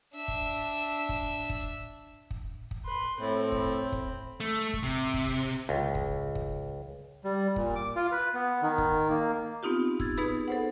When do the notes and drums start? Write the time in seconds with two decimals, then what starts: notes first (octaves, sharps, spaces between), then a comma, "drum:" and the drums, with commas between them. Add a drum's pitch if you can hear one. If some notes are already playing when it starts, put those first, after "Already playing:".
0.16 D4 E5
0.28 drum: kick
1.09 drum: kick
1.50 drum: kick
2.31 drum: kick
2.71 drum: kick
2.85 B4 C6
3.20 A2 C4 B5
3.52 drum: kick
3.92 drum: kick
4.40 A3
4.73 drum: kick
4.83 C3
5.14 drum: kick
5.69 C#2
5.95 drum: kick
6.35 drum: kick
7.23 G3
7.56 A#2, drum: kick
7.76 D6
7.96 F4
8.12 B4
8.34 B3
8.62 D#3
8.78 drum: kick
9.10 A#3
9.63 B3 C4 D#4 F4 G4
10.00 E6 G#6 A6, drum: kick
10.17 B3 D#4 G#4 B4 B5
10.48 A4 C5 F#5